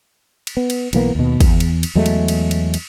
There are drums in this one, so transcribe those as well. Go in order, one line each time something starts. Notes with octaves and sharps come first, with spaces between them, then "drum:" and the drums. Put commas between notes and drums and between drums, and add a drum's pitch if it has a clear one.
drum: cymbal
B3
drum: cymbal
B1 E3 A#3 B3, drum: cymbal
D#2 B2
E2, drum: kick, cymbal
drum: cymbal
drum: cymbal
E2 F#3 G#3 A3
drum: cymbal
drum: cymbal
drum: cymbal
drum: cymbal